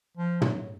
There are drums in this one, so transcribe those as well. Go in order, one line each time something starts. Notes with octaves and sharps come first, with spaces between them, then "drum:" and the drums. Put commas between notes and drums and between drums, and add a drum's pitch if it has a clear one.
F3
F#3, drum: tom